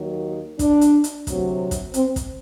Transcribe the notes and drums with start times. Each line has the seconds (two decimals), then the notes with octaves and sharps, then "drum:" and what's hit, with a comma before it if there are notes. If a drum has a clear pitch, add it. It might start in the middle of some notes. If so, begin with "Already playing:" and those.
Already playing: D#2 D#3 F#3
0.59 D4, drum: kick, hi-hat
0.81 drum: hi-hat
1.04 drum: hi-hat
1.27 D2 C3 F#3, drum: kick, hi-hat
1.71 drum: kick, hi-hat
1.94 C4, drum: hi-hat
2.16 drum: kick, hi-hat